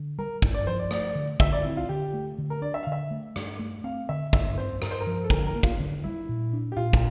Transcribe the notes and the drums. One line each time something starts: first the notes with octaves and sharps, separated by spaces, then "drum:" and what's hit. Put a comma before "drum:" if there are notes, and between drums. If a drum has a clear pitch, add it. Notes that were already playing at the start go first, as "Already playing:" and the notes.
Already playing: D3
G3 A#4
G2, drum: kick
D5
F3 C5
D5
A3 D5, drum: rim click
D3
D3 E5, drum: kick
D5
C4 E4
F4
D3 G4
A3
D3
A#4
D4 D5
E5
F5
D3
E5
A3
G2, drum: rim click
A3
C4 F5
D3 E5
G2 E5, drum: kick
C4 C5
G2 A#4, drum: rim click
C5
A#4
F3
A4
D3 A#4, drum: kick
A#4
A#3
F4, drum: kick
D3
G3 E4
A#2
D4
G4
A#2 F4
drum: kick